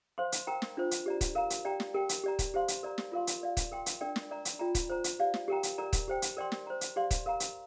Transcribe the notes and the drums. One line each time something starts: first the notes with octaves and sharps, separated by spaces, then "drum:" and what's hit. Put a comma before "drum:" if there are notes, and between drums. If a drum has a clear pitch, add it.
C5 F5 C6
drum: hi-hat
A#4 G5 A#5
drum: snare
D4 F4 C5
drum: hi-hat
G4 D5 A#5
drum: kick, hi-hat
A#4 F5 A#5
drum: hi-hat
G4 D5 G5 A#5
drum: snare
G4 A#4 G5
drum: hi-hat
G4 D5 A#5
drum: kick, hi-hat
G4 C5 F5 C6
drum: hi-hat
A#4 D5 A#5
drum: snare
F4 A#4 F5 C6
drum: hi-hat
A#4 D5 F5
drum: kick, hi-hat
A#4 G5 C6
drum: hi-hat
D4 A#4 D5 G5
drum: snare
A#4 D5 A#5
drum: hi-hat
F4 D5 G5 A#5
drum: kick, hi-hat
C5 A#5
drum: hi-hat
G4 D5 F5
drum: snare
G4 A#4 G5 A#5
drum: hi-hat
A#4 D5 A#5
drum: kick, hi-hat
G4 C5 G5
drum: hi-hat
A#4 D5 G5 C6
drum: snare
C5 A#5
drum: hi-hat
G4 D5 F5 C6
drum: kick, hi-hat
A#4 F5 A#5
drum: hi-hat